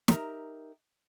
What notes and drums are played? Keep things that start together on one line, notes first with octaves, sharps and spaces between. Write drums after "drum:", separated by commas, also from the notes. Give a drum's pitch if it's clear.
D#4 G4 A#4 E5, drum: snare